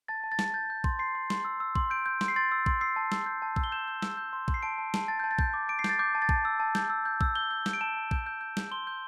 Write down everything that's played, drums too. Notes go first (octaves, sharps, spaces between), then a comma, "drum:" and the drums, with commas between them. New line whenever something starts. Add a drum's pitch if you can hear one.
A5 A6
A5
A6
A5, drum: snare
G6 A6
G6
C6, drum: kick A#1
C6 C7
C6
C6, drum: snare
E6
E6
C6, drum: kick A#1
G6 D7
G6
C6, drum: snare
C7
C6 A6
E6
C6, drum: kick A#1
E6 C7
A5
E6, drum: snare
G6
A5
E6, drum: kick A#1
G7
G6 E7
G6
E6, drum: snare
G6
C6
C6, drum: kick A#1
C7
A5 D7
A5
A5, drum: snare
A5 A6
A5 G6
A6
G6, drum: kick A#1
D6
D6 D7
C7
G6 A6, drum: snare
D6 G6
A5
A6
A5, drum: kick A#1
E6
A5
G6, drum: snare
E6
G6
E6, drum: kick A#1
G6 G7
G6
G6, drum: snare
D7
A5 E7
A5
G6, drum: kick A#1
G6
G6
G6, drum: snare
C6 G7
G6